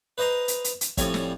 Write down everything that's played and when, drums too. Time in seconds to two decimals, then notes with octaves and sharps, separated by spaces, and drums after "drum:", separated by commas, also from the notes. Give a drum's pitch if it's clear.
0.18 B4 C5 D#5 A#5 C6
0.48 drum: hi-hat
0.64 drum: hi-hat
0.81 drum: hi-hat
0.97 A2 F3 G3 C4 C#5 G#5, drum: kick, hi-hat
1.14 drum: snare